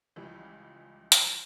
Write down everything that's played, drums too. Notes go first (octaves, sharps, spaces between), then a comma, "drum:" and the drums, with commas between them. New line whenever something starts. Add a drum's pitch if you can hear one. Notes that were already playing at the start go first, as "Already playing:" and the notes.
C#2 E3 F3 G3
drum: hi-hat